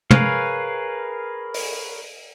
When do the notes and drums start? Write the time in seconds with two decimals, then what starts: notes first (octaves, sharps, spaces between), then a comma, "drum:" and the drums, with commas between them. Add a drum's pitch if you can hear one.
0.11 G#4 A#4 B4 C#5 F5, drum: tom
1.54 drum: open hi-hat